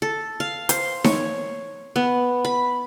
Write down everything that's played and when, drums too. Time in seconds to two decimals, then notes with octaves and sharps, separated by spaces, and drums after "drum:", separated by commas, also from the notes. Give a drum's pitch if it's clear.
0.02 A4
0.40 F5
0.69 C5, drum: hi-hat
1.04 C#5, drum: snare D#4
1.96 B3
2.45 B5